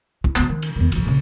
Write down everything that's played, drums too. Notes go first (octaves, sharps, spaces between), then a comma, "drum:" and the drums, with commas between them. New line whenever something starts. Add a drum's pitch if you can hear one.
D#4 E4, drum: kick
D2 B3, drum: clap
D#3
drum: cymbal
E2 D#3
A#1 F3, drum: cymbal
A#1 C#3